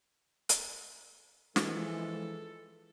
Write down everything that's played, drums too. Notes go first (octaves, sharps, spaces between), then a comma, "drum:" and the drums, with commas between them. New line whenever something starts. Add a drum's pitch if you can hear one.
drum: hi-hat
E3 F3 G#3 A4, drum: snare